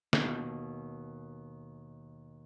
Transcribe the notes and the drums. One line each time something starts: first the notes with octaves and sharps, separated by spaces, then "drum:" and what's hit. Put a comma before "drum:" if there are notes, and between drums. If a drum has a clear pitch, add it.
D#2 B2, drum: snare